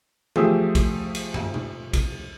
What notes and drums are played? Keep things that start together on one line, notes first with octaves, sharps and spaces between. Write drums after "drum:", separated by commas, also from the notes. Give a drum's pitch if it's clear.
F3 A3 G4 G#4 E6, drum: tom E3
drum: kick, cymbal
drum: cymbal
drum: tom
drum: tom
drum: kick, cymbal